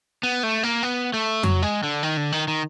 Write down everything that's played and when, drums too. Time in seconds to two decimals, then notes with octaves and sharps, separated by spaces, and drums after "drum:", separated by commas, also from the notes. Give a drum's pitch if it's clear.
0.23 B3
0.43 A3
0.63 A#3
0.83 B3
1.14 A3
1.43 F#3, drum: tom F2
1.62 G#3
1.83 D3
2.03 D#3
2.17 D3
2.32 D#3
2.48 D#3